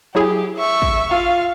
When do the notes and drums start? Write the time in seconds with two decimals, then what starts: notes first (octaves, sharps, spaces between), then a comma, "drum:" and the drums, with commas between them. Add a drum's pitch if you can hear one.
0.15 F#3 E4 G4 G#4
0.56 E5 C#6
0.82 drum: kick
1.11 F4 F5